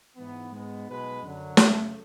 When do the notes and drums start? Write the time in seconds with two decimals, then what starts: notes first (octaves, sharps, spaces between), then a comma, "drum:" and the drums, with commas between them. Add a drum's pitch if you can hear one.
0.16 G#2 E3 B3
0.52 G#2 G#3 B3
0.87 B1 B2 G#3 B4
1.22 F#2 D3 F#3
1.57 F#2 C#3 F#3 A3, drum: snare